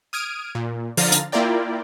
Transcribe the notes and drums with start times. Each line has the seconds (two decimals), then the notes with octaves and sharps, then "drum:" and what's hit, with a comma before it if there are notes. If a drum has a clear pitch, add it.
0.13 D#6 F6 G#6 D7 D#7
0.55 A#2
0.97 D3 F3 F5 A#5 F6 A6, drum: open hi-hat
1.12 drum: hi-hat
1.32 A#3 E4 F4 A#4 D5 G5